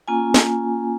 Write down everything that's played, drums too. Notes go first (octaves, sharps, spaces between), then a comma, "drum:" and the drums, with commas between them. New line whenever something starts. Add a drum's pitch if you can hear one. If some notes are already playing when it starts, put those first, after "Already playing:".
A#3 C#4 F4 G#5
drum: snare